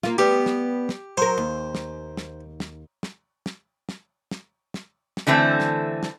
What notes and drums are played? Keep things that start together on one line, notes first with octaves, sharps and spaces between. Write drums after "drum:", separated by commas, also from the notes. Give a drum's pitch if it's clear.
A#3 F4, drum: snare
G3 B3 G4
drum: snare
drum: snare
F#3 A#4 C5
D#2
drum: snare
drum: snare
drum: snare
drum: snare
drum: snare
drum: snare
drum: snare
drum: snare
drum: snare
D3 E3 A3 C4
drum: snare
drum: snare